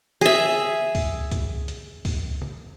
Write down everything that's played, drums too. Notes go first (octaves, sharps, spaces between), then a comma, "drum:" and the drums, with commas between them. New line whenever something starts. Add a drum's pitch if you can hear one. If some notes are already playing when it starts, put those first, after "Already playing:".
G#4 E5, drum: snare
drum: kick C#2, open hi-hat
drum: kick C#2, hi-hat
drum: hi-hat
drum: kick C#2, open hi-hat
drum: tom C#3